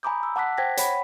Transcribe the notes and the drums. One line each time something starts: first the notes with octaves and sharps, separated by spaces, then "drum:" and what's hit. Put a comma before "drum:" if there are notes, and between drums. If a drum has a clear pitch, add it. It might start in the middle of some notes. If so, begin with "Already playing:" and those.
G#5 A#5 B5 D6 D#6 G6
E6
F#5 A5 D6 F#6 B6
C5 G5 G#6 A#6 B6
C#5 F#5 G5 B5 B6, drum: hi-hat